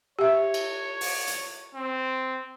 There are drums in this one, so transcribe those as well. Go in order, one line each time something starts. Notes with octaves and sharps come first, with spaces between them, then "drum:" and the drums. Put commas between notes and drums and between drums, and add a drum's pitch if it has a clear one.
G4 C#5 E5
drum: cymbal
drum: open hi-hat
drum: hi-hat
C4